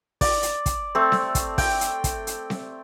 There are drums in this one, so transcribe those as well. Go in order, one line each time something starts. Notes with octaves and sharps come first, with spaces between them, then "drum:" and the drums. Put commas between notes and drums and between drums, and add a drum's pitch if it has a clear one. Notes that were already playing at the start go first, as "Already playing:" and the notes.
D5, drum: kick, open hi-hat
drum: hi-hat
drum: kick, hi-hat
A3 C4
drum: snare C4
drum: kick, hi-hat
G5, drum: kick, open hi-hat
drum: hi-hat
drum: kick, hi-hat
drum: hi-hat
drum: snare C4